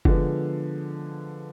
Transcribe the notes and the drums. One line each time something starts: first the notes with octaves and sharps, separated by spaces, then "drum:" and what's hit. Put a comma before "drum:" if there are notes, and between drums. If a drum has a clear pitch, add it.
D3 F3 G#3 B3, drum: kick F#1